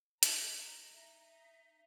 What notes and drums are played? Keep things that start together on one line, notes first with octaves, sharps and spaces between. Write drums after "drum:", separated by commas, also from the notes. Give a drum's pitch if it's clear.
D#5 A#5, drum: hi-hat
D#4 E5